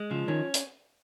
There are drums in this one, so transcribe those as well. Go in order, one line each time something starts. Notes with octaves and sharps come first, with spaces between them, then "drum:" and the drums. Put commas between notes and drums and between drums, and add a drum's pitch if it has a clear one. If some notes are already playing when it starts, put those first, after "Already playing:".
Already playing: G#3
C#3 F3
D#3 C#4
drum: hi-hat